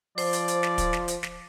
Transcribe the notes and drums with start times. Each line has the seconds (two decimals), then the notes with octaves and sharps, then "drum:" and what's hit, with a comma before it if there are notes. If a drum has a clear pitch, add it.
0.18 F3 C5 D5, drum: open hi-hat
0.33 drum: hi-hat
0.48 drum: hi-hat
0.63 drum: snare
0.78 drum: kick, hi-hat
0.93 drum: snare
1.08 drum: hi-hat
1.23 drum: snare